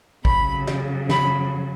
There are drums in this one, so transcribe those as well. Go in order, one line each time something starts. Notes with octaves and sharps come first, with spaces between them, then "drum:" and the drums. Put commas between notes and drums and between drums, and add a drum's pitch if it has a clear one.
F2 C#3 F#3 B5, drum: kick
drum: snare
B5, drum: snare